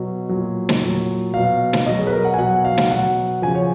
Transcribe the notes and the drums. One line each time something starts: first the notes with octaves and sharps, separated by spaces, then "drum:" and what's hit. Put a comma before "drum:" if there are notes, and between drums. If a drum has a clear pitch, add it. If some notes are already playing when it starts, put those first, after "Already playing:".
Already playing: B2 F#3
A#2 F#3
drum: snare
A#2 F#3
B2 F#3 F5
drum: snare
B2 F#3 D#5
G#4
B4
A#4
F#5
G#5
B2 F#3 F#5
F5
drum: snare
B2 F#3 F#5
C#3 F3 G#5
C#5